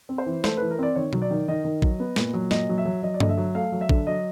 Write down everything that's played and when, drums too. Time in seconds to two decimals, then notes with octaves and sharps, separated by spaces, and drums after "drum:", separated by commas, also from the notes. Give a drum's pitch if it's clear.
0.09 C4
0.18 C5
0.26 E3
0.44 A3 C5, drum: snare
0.57 E3 B4
0.71 A#4
0.79 C4 D5
0.96 D#3 C#5
1.13 F#3, drum: tom B2
1.22 D5
1.31 D#3
1.48 D#3 D#5
1.64 D#3
1.82 F#3, drum: kick
2.00 B3
2.16 A#2, drum: snare
2.34 F#3
2.51 A#2 D#5, drum: snare
2.69 F#3
2.78 E5
2.85 F#3
3.03 F#3 D#5
3.14 D5
3.20 D3 D#5, drum: tom G2
3.29 E5
3.38 F#3
3.55 A3 F5
3.72 F#3
3.81 E5
3.89 D3, drum: kick
4.07 F#3 D#5